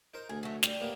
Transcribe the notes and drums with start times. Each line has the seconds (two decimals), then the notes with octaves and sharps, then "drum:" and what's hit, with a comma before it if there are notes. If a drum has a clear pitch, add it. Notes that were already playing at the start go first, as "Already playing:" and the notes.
0.14 D#4 A#4 C5
0.29 D2 G#4
0.43 F#3 A3
0.63 G3, drum: snare
0.80 D#2 A#3 B3